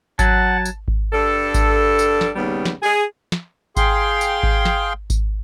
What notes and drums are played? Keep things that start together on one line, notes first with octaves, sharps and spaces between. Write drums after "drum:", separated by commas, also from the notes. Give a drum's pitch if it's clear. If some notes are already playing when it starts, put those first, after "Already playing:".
F#3 F#5 A5, drum: kick G#1, tambourine
drum: tambourine
drum: kick G#1
G2 G3 A4
drum: kick G#1, tambourine
drum: tambourine
drum: snare
D#2 C#3 G3 B3
drum: snare
G#4
drum: snare
G#4 F5 G5 C6, drum: kick G#1, tambourine
drum: tambourine
drum: kick G#1
drum: snare
drum: kick G#1, tambourine